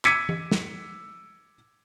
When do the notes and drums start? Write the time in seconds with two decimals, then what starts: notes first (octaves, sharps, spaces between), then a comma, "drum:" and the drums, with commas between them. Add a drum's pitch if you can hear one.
0.05 D6 E6 G#6 B6 C#7 D#7, drum: clap
0.29 drum: tom E3
0.51 drum: snare